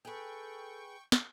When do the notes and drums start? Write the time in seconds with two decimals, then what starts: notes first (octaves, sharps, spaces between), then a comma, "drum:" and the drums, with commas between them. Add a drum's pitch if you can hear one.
0.05 G#4 A4 B4 G5 C#6
1.12 drum: snare